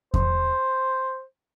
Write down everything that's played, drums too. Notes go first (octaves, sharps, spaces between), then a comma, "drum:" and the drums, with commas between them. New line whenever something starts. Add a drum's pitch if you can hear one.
C5, drum: kick E2